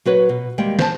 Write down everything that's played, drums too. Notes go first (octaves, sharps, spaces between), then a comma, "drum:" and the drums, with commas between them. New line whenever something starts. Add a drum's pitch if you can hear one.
F#3 F#4 B4 C#5
B2
D#2 G3 G#3 G5
C5 A5, drum: snare